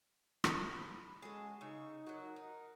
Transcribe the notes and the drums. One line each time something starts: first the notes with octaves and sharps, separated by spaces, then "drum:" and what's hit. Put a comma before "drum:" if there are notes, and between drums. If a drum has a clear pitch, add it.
drum: rim click
B5
G#3 C#4 F#4 G#4 A4
C#3 D#4 C#6 E6
F#3 F#4 A#4
D#4